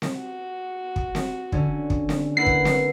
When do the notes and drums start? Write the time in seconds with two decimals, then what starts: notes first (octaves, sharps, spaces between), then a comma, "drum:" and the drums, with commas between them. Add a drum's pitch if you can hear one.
0.02 drum: snare C4
0.14 F#4
0.96 drum: kick
1.15 drum: snare C4
1.52 D3 C#4, drum: kick
1.90 drum: kick
2.09 drum: snare C4
2.37 A#3 E4 B4 F#5 C7
2.46 drum: kick
2.65 drum: snare C4